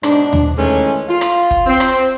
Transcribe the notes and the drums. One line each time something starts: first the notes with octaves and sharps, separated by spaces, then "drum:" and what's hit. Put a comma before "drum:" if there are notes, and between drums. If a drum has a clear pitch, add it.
G#2 B2 D4, drum: rim click
drum: tom D#2
D#3 E3 G#3 A3 C#4
F4
drum: rim click
drum: kick
C4
drum: rim click